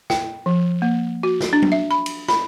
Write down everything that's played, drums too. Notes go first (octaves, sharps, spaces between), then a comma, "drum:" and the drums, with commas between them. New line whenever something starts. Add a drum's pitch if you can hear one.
G5, drum: snare
F3
A#3
F#4
drum: snare
D4
drum: tom F#3
E5
B5
drum: cymbal
B5, drum: snare